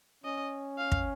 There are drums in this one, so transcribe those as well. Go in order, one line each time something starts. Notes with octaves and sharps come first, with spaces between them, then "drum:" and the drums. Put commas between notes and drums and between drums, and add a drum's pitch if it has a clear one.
C#4 D#5
F5
drum: kick